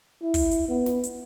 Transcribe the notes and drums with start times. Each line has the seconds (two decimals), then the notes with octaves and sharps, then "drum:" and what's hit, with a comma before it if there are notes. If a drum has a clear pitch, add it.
0.22 E4
0.34 drum: kick, open hi-hat
0.51 drum: hi-hat
0.69 B3
0.86 drum: snare
1.04 drum: hi-hat